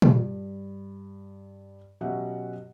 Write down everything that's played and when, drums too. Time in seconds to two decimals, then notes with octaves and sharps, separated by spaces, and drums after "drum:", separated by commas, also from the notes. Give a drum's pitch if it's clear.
0.02 G2, drum: tom A#2
2.01 B2 F#3 C#4 G4 E5 F#5